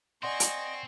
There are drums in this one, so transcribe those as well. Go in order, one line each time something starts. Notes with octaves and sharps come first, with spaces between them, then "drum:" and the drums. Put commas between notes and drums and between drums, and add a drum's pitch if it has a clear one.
C4 D5 D#5 F#5 G#5 C6 C#6
drum: hi-hat